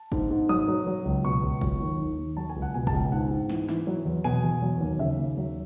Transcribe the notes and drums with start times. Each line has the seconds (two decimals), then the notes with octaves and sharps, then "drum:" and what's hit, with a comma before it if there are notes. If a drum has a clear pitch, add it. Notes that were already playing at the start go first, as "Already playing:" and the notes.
Already playing: A5
0.12 G#2, drum: kick G1
0.30 G#2
0.49 F#3 D#6
0.68 F#3
0.87 F#3
1.05 C#2
1.25 B2 C#6
1.43 C#2
1.61 F#3, drum: kick G1
1.81 D#2
2.00 D#3
2.18 D#2
2.37 F#3 A5
2.50 G#5
2.56 C#2
2.62 F#5
2.74 B2 G#5
2.87 A5, drum: kick G1
2.93 C#2
3.00 G#5
3.12 G#2 F#5
3.30 G#2
3.50 E3, drum: snare
3.68 E3, drum: snare
3.87 F#3
4.05 E2
4.24 B2 G#5
4.43 E2
4.62 F#3
4.80 D#2
4.99 C#3 E5
5.19 D#2
5.37 F#3